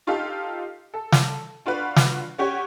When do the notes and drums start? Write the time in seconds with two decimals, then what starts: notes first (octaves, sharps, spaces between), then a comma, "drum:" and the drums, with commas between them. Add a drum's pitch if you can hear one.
0.07 D#4 F4 G4 A4 F5
0.94 A4
1.12 drum: snare
1.66 D4 F4 F#4 B4
1.96 drum: snare
2.38 C#4 F#4 G4 C#5